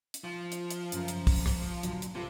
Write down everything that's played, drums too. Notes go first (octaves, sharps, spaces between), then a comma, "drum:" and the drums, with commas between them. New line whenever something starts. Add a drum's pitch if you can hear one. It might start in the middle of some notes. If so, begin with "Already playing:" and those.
drum: hi-hat
F3
drum: hi-hat
drum: hi-hat
F#2 C#3 A#4, drum: hi-hat
drum: hi-hat
drum: kick, open hi-hat
drum: rim click
A#2 D3 F#3, drum: hi-hat
drum: hi-hat
C3 F4 A4 B4